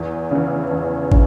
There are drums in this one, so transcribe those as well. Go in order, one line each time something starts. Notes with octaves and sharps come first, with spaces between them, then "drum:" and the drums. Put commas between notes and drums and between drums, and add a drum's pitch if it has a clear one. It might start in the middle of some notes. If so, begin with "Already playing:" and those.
Already playing: E2
C#3 E3
E2
C#3, drum: kick